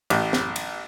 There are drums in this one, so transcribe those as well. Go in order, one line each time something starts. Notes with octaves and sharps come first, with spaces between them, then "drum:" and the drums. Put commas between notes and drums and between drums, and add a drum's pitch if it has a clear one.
A1, drum: cymbal
drum: snare
drum: cymbal